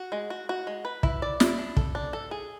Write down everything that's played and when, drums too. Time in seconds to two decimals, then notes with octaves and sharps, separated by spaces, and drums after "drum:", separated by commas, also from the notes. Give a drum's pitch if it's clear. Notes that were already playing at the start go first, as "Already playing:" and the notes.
Already playing: F#4
0.12 G#3
0.30 F#4
0.49 F#4
0.67 G#3
0.85 B4
1.03 E4, drum: kick
1.22 D5
1.40 E4, drum: snare
1.58 D4
1.77 A4, drum: kick
1.95 D4
2.13 A4
2.31 G#4